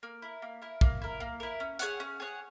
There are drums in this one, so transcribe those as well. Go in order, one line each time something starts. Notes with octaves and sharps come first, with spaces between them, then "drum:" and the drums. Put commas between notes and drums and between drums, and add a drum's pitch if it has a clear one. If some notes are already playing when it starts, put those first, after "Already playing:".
A#3
E4 A#4
A#3
E4 A#4
A#3, drum: kick B1
E4 A#4
A#3
E4 A#4
C#4
G#4 C#5 F#5, drum: hi-hat
C#4
G#4 C#5 F#5